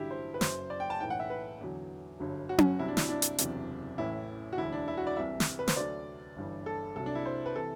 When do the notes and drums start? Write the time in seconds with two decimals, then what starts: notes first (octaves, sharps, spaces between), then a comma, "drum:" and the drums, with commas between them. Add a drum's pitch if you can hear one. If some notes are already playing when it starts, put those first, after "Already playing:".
Already playing: A1 G2 D3 F#3 E4 G4
0.11 C5
0.34 B4
0.41 F#1 F#2 F#3 C5, drum: snare
0.70 D5
0.80 G5
0.90 A5
1.00 B1 A2 E3 G5
1.10 F#5
1.20 E5
1.30 B4
1.61 E2 D3 F#3
2.20 G1 G2 D3 F#3
2.49 F#4
2.58 drum: tom C#4
2.78 C2 C3 F#3 E4
2.88 D4
2.97 E4, drum: snare
3.09 D4
3.22 drum: hi-hat
3.38 F#1 E2 C3 F#3, drum: hi-hat
3.98 A1 A2 E3 E4
4.53 F#4
4.58 E1 D2 D3 E4
4.72 D4
4.88 E4
4.97 F#4
5.07 D5
5.17 C2 C3 E3 E5
5.40 drum: snare
5.59 B4
5.68 C5, drum: snare
5.76 D2 D3 F#3 D5
6.36 G1 G2 E3
6.66 A4
6.96 C2 C3 F#3 A4
7.06 D4
7.15 E4
7.26 C5
7.46 B4
7.56 C3 E3 A4